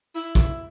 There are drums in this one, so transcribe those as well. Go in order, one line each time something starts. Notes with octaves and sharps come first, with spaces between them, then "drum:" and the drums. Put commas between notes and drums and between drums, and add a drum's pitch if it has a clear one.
E4, drum: tambourine
drum: kick, tambourine